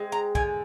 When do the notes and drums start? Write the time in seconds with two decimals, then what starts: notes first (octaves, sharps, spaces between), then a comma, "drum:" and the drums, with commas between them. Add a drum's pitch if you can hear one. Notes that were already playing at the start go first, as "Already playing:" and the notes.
Already playing: G#3 C4
0.12 A#5
0.35 D3 G#5, drum: kick